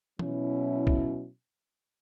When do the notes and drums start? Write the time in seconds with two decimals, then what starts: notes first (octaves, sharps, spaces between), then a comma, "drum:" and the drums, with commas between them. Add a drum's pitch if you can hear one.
0.19 B2 F#3 C#4 E4, drum: tom E3
0.87 drum: kick B1